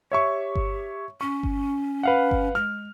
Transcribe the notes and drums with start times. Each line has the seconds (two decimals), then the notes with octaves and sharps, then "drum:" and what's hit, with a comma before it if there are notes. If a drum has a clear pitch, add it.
0.12 G4 C#5 E5 C#6
0.55 drum: kick G1
1.21 C#4 C#6
1.43 drum: kick G1
2.03 B4 F5 F#5
2.31 drum: kick G1
2.55 G#3 F6